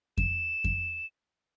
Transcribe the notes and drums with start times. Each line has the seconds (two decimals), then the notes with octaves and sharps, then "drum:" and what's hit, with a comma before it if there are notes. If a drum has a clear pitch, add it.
0.18 E7, drum: kick F2
0.64 drum: kick F2